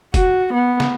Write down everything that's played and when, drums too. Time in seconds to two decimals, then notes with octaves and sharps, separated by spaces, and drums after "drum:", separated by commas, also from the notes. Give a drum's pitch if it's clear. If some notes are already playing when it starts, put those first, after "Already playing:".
0.14 F#4, drum: kick, hi-hat
0.53 B3
0.80 drum: snare